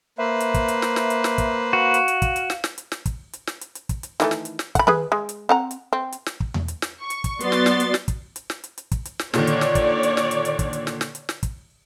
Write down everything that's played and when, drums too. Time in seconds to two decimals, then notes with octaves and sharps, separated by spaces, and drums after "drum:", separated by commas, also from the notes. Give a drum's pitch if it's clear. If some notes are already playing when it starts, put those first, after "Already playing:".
0.18 A#3 B4 C5 E5
0.40 drum: hi-hat
0.54 drum: kick, hi-hat
0.68 drum: hi-hat
0.82 drum: snare
0.96 drum: snare
1.10 drum: hi-hat
1.24 drum: snare
1.38 drum: kick, hi-hat
1.73 F#4 F5
1.94 drum: hi-hat
2.08 drum: hi-hat
2.22 drum: kick, hi-hat
2.36 drum: hi-hat
2.50 drum: snare
2.64 drum: snare
2.78 drum: hi-hat
2.92 drum: snare
3.06 drum: kick, hi-hat
3.33 drum: hi-hat
3.47 drum: snare
3.61 drum: hi-hat
3.75 drum: hi-hat
3.89 drum: kick, hi-hat
4.03 drum: hi-hat
4.20 D#3 E3 A3, drum: snare
4.31 drum: snare
4.45 drum: hi-hat
4.59 drum: snare
4.75 F#5 B5, drum: kick, hi-hat
4.87 G#4 B4 B5, drum: tom D#3
5.12 G#3
5.29 drum: hi-hat
5.49 C4 F#5 A#5
5.71 drum: hi-hat
5.93 C4
6.12 drum: hi-hat
6.26 drum: snare
6.40 drum: kick
6.54 drum: tom E2
6.68 drum: hi-hat
6.82 drum: snare
7.01 C#6
7.10 drum: hi-hat
7.24 drum: kick, hi-hat
7.40 F#3 B3 F#4 D5 C6 A6, drum: hi-hat
7.52 drum: snare
7.66 drum: snare
7.80 drum: hi-hat
7.94 drum: snare
8.08 drum: kick, hi-hat
8.36 drum: hi-hat
8.50 drum: snare
8.64 drum: hi-hat
8.78 drum: hi-hat
8.92 drum: kick, hi-hat
9.05 drum: hi-hat
9.19 drum: snare
9.34 A#2 D3 D#3 C#5 D5, drum: snare
9.47 drum: hi-hat
9.61 drum: snare
9.75 drum: kick, hi-hat
10.03 drum: hi-hat
10.17 drum: snare
10.31 drum: hi-hat
10.45 drum: hi-hat
10.59 drum: kick, hi-hat
10.73 drum: hi-hat
10.87 drum: snare
11.01 drum: snare
11.15 drum: hi-hat
11.29 drum: snare
11.43 drum: kick, hi-hat